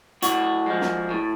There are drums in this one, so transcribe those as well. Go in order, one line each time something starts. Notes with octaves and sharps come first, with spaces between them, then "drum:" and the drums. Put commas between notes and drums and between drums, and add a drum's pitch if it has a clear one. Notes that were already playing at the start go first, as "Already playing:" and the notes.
A2 F#4, drum: hi-hat
F3 G#3
drum: snare
A2